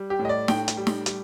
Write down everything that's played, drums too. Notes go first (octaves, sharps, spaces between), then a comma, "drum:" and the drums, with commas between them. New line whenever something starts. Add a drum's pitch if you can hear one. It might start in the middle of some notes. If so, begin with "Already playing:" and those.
Already playing: G3
G4
A2
D#5
D5
A2 G5, drum: snare
drum: hi-hat
G3
drum: snare
G3, drum: hi-hat